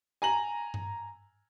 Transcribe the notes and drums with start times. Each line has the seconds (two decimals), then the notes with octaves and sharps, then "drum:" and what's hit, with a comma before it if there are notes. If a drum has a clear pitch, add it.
0.22 G#5 A#5 F#7
0.74 drum: tom G2